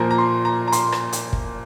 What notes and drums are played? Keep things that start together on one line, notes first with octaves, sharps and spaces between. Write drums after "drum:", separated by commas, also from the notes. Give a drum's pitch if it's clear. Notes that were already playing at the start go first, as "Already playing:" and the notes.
Already playing: A#2 F3 A#3 A#5
A#5
C6
A#5
A#5
C6, drum: hi-hat
drum: rim click
drum: hi-hat
drum: kick